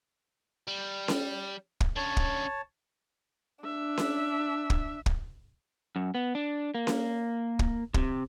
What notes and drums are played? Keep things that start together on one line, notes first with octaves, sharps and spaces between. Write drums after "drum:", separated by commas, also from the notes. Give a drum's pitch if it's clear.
G3
drum: snare C#4
drum: kick
D3 C#4 C#5 A5
drum: kick
D4 E5
drum: snare C#4
drum: kick
drum: kick
F#2
B3
D4
A#3
drum: snare C#4
drum: kick
C3, drum: kick